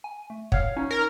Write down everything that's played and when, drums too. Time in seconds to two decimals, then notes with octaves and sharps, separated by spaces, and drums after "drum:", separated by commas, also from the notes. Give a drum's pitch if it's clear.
0.04 G#5
0.30 A3
0.52 C#5 F5 F#5, drum: kick
0.77 C#4 D#4
0.91 A#4